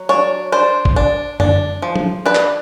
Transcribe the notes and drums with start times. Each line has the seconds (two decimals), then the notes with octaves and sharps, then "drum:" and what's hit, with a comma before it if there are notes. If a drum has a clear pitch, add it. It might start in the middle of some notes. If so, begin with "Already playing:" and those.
Already playing: F#3
0.09 D4 C#5
0.52 D4 C5
0.85 drum: kick G#1
0.96 D4
1.40 D4, drum: tom F#2
1.82 F3
1.96 drum: tom F3
2.26 D4 B4
2.35 drum: clap